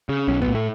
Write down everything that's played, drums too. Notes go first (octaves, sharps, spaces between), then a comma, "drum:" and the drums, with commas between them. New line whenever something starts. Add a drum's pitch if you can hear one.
C#3
B1 C#4
B3, drum: kick
A2
A3